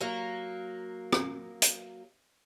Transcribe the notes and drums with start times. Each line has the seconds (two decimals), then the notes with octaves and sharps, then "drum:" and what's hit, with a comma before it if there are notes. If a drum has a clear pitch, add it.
0.01 F#3 A#3
1.12 drum: rim click
1.62 drum: hi-hat